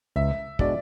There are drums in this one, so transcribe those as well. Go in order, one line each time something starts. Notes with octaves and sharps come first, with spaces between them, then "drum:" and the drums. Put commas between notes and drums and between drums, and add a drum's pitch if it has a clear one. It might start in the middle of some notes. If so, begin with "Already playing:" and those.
C#2 E5
B2 G#3 D4 F#4 D5, drum: kick